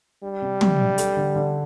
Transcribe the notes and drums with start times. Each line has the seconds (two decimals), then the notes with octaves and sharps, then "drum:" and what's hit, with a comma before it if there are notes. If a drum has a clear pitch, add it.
0.22 G3 D4
0.42 C3
0.61 C3, drum: tom
0.79 D4
0.98 A4, drum: hi-hat
1.17 D3
1.36 D3